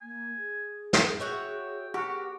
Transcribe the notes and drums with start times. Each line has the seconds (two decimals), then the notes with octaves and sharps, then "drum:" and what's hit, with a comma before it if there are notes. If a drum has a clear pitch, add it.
0.02 A#3 G#5
0.37 G#4
0.93 drum: snare
1.20 F#4 C#5 E5 G5
1.94 F#4 G4 A#4